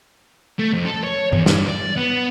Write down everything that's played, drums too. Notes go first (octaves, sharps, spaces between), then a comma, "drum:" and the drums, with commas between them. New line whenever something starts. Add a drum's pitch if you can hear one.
A3
F2
A4
C#5
E2, drum: tom G2
G2, drum: snare
D5
B3